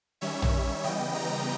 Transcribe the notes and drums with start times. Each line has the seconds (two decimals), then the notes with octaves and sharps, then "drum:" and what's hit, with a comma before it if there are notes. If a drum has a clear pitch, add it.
0.21 D#3 G3 C#4 C#5 E5
0.42 drum: tom
0.84 C#3 E3 G3 B3 D#5 G5
1.14 G5 A#5